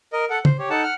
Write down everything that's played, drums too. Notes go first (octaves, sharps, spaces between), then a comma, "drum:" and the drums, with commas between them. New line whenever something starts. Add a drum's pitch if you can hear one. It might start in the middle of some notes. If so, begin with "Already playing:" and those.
A#4 D#5
A4 F#5
C5, drum: tom C#3
G4 C#5
D#4 A4 F#5 A5
F#5 F6